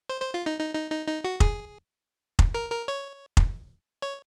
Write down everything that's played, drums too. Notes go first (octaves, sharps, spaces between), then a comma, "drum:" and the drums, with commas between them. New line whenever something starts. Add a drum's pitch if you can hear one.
C5
C5
F4
D#4
D#4
D#4
D#4
D#4
F#4
G#4, drum: kick F1
drum: kick F1
A#4
A#4
C#5
drum: kick F1
C#5